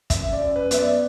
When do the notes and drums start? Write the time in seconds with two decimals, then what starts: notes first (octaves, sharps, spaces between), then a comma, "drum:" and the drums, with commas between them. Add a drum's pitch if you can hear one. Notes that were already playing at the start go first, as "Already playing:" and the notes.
0.10 F#2 E5, drum: kick, hi-hat
0.33 D5
0.40 F#2
0.56 B4
0.71 B3 E5, drum: hi-hat
0.78 D5